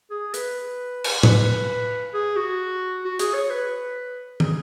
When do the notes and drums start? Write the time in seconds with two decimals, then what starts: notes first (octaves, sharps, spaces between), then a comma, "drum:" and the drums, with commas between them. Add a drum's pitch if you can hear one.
0.10 G#4
0.34 B4, drum: hi-hat
1.04 drum: cymbal
1.23 B4, drum: tom A2
2.14 G#4
2.36 F#4
3.05 F#4
3.19 G#4, drum: hi-hat
3.34 C#5
3.50 B4
4.40 G#4, drum: tom